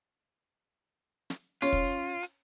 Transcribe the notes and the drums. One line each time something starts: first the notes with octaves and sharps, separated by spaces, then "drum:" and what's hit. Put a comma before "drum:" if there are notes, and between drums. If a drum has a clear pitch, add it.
drum: snare
C#4 F4
drum: kick
drum: hi-hat